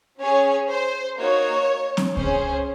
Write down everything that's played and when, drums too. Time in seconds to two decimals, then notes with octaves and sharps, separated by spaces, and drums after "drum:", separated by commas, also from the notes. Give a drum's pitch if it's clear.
0.20 C#4 G#4 C#5
0.69 C5
1.19 A#3 D#4 F#4 C#5
1.97 drum: snare C4
2.17 C#4 G#4 C5, drum: kick C#2